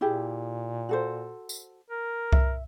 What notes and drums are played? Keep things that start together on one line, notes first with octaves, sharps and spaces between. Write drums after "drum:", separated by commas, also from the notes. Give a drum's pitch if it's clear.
A#2 E4 G4 G#4
F#4 A4 C5
drum: tambourine
A#4
E5, drum: kick C2